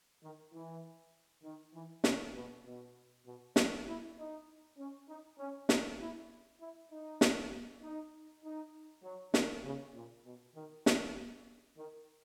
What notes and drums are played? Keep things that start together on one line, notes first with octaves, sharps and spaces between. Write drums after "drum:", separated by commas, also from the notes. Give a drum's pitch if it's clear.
D#3
E3
D#3
E3
C#3, drum: snare
B2
B2
B2
F#3, drum: snare
E4
D#4
C#4
D#4
C#4
D#4, drum: snare
E4
E4
D#4
drum: snare
D#4
D#4
F#3
D#3, drum: snare
C#3
A#2
B2
D#3
E3, drum: snare
D#3